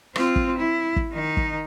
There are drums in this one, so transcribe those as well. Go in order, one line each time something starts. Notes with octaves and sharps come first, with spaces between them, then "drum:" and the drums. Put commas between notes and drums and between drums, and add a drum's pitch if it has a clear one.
C4 F4, drum: rim click
drum: kick
E4
drum: kick
D#3 D#4
drum: kick